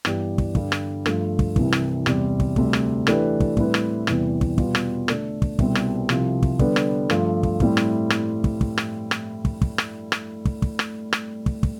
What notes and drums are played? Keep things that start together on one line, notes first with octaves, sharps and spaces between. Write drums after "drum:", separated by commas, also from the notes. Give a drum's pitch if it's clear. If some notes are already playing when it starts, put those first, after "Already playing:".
G2 E3 B3 D4 G4, drum: rim click
drum: kick
G2 D3 G3, drum: kick
drum: rim click
G2 F3 A3, drum: rim click
drum: kick
C2 C3 E3, drum: kick
drum: rim click
E2 C3 G3, drum: rim click
drum: kick
D2 C3 G3, drum: kick
drum: rim click
E3 A3 D4 G4 B4, drum: rim click
drum: kick
A2 G3 C4 E4 B4, drum: kick
drum: rim click
E2 C3 E3 G3, drum: rim click
drum: kick
B2 G3 B3 F4, drum: kick
drum: rim click
D3 A3 D4 A4, drum: rim click
drum: kick
C2 B2 G3 C4, drum: kick
drum: rim click
C2 C3 F3, drum: rim click
drum: kick
D3 G3 B3 D4, drum: kick
drum: rim click
G2 F3 A3, drum: rim click
drum: kick
A2 G3 C4 E4, drum: kick
drum: rim click
drum: rim click
drum: kick
drum: kick
drum: rim click
drum: rim click
drum: kick
drum: kick
drum: rim click
drum: rim click
drum: kick
drum: kick
drum: rim click
drum: rim click
drum: kick
drum: kick